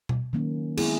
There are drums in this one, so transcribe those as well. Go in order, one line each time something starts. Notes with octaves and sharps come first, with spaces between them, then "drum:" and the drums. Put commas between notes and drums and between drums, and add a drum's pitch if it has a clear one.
drum: tom B2
D#3 F#3 A#3 C#4
G#3 B3 E4 G#4, drum: cymbal